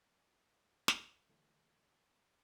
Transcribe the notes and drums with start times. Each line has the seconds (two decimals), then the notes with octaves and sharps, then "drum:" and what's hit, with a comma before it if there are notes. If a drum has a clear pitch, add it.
0.88 drum: snare
1.29 D3 E3 F#3 A3